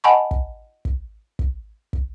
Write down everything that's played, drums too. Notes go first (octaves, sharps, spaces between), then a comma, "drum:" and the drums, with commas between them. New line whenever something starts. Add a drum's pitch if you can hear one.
D#5 F#5 G#5 A5 B5 C#6
drum: kick
drum: kick
drum: kick
drum: kick